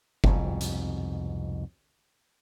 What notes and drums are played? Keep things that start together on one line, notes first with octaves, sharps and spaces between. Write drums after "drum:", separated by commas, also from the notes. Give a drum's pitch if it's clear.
C2 F2 G#2 B2, drum: kick F#1
drum: hi-hat